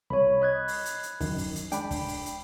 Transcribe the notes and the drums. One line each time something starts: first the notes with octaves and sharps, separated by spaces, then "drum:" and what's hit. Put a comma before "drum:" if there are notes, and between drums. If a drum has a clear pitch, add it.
C2 C#5 B5
D#5 B5 F#6 G#6
drum: open hi-hat
drum: hi-hat
drum: hi-hat
F#2 D#3, drum: kick, open hi-hat
drum: open hi-hat
drum: hi-hat
G#3 D4 G5 B5, drum: hi-hat
drum: kick, open hi-hat
drum: open hi-hat
drum: hi-hat